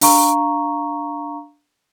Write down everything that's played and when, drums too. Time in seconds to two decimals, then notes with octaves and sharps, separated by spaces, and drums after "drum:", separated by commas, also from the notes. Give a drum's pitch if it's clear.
0.01 D4 F5 A#5 C#6, drum: open hi-hat